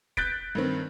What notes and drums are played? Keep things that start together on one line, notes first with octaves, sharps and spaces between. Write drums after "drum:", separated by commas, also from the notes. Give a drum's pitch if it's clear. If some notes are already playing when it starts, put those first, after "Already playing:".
F#6 G6 A6 B6 D7, drum: kick
G2 D#3 C4